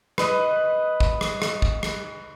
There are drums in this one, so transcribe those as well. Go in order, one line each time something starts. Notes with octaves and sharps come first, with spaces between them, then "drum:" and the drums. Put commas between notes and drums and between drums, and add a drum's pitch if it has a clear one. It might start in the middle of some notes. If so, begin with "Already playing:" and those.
B4 D#5, drum: rim click
drum: kick
drum: rim click
drum: rim click
drum: kick
drum: rim click